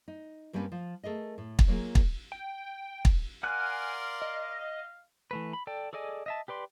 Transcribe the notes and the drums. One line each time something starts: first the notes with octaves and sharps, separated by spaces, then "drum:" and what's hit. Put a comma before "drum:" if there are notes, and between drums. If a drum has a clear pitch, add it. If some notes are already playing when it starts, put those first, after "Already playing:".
D#4
G2 G3 A#3 C4 C#4 B4
F3
A3 G#4 A#4 D#5
A2
drum: kick
F#3 A#3 F4 G#4
drum: kick
G5
drum: kick
A#4 D5 F5 F#5 G#5 C6 F6 F#6
D#5
E3 A3 B4
B5
A4 D5 G5
G#4 A4 D5 D#5 G#5
D#5 E5 A5
G4 B4 D5 C6